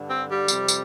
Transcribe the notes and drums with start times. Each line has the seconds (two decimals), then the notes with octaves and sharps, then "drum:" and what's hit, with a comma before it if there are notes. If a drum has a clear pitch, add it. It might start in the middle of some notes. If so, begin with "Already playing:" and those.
Already playing: G2 D3
0.09 C4
0.30 G3
0.48 F2 C3, drum: tambourine
0.68 drum: tambourine